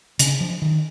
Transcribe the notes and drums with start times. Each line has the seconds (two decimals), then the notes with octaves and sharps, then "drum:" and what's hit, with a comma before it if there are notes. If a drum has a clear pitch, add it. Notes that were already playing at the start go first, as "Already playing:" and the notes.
0.19 C#3, drum: hi-hat
0.41 F3
0.62 D#3